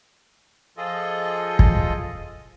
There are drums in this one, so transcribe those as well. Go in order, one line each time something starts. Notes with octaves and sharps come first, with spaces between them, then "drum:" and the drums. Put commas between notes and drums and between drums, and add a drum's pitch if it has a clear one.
F3 F4 G#4 A4 D#5
drum: kick